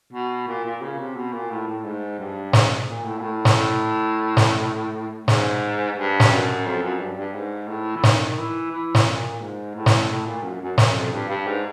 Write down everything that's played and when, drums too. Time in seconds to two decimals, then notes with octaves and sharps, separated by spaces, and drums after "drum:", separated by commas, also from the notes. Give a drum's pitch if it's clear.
0.13 B2
0.48 A#2
0.65 A#2
0.82 C#3
0.98 C3
1.16 B2
1.33 A#2
1.51 A2
1.67 A2
1.85 G#2
2.19 G2
2.53 G#2, drum: snare
2.88 A#2
3.04 A2
3.18 A#2
3.22 A2
3.45 drum: snare
3.57 A2
4.37 drum: snare
5.28 G#2, drum: snare
5.97 G2
6.20 drum: snare
6.32 F#2
6.65 F2
6.83 F#2
7.00 G2
7.17 G2
7.35 G#2
7.68 A2
7.96 E3
8.03 D#3, drum: snare
8.38 E3
8.71 E3
8.95 drum: snare
9.05 A#2
9.40 G#2
9.75 A2
9.86 drum: snare
10.10 A2
10.26 A#2
10.43 F#2
10.61 F#2
10.78 F#2, drum: snare
10.95 F2
11.12 G2
11.29 G2
11.47 G#2